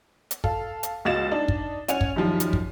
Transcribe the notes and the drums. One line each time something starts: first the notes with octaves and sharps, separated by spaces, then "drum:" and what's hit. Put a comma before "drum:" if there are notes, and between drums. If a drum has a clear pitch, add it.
drum: hi-hat
A4 F5, drum: kick
drum: hi-hat
C#2 F#4 D#5 F5 A6 E7
D4 D#4
drum: kick
C#4 F#5 G#5 F7, drum: hi-hat
drum: kick
F#2 D#3 F3 G3
drum: hi-hat
drum: kick